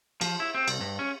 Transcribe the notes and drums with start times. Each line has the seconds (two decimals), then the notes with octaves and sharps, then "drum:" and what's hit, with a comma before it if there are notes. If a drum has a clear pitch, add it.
0.21 F3, drum: cymbal
0.40 E4
0.55 C4
0.68 C2, drum: cymbal
0.81 G2
0.99 C#4